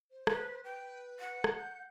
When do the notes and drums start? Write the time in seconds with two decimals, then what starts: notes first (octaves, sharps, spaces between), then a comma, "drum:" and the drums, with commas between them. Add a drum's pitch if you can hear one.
0.11 C5
0.27 B4, drum: rim click
0.64 B4 G5
1.19 F#5
1.44 drum: rim click
1.59 G6